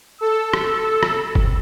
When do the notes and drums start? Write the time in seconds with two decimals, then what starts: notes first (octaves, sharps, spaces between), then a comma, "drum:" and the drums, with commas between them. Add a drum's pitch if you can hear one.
0.21 A4 E6
0.53 drum: rim click
1.03 drum: rim click
1.35 drum: kick F#1